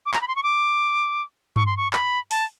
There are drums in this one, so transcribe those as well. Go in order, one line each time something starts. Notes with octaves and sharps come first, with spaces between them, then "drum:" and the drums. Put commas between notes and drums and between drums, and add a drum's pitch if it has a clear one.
D6
A#5, drum: clap
B5
C6
C#6
D6
C#6, drum: tom G2
C6
C#6
B5, drum: clap
A5, drum: open hi-hat